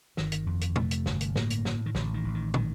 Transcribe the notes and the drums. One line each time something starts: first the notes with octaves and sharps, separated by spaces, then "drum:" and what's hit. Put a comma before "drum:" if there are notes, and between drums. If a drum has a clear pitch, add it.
G1 D#3, drum: snare
drum: hi-hat
F2
drum: hi-hat
C3 A3, drum: tom
drum: hi-hat
G1, drum: snare
drum: hi-hat
A2 A#3, drum: snare
drum: hi-hat
A2, drum: snare
D#3
A1 D3, drum: snare
D#3
A1
D#3
D#3, drum: tom